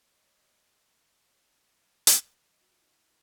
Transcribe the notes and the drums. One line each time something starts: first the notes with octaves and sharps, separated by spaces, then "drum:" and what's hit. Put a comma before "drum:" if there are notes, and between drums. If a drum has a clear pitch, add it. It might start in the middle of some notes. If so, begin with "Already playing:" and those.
C#5
D#5
C#5
D#5
C#5
drum: hi-hat
D#5
F#4
F4
D#4
D#4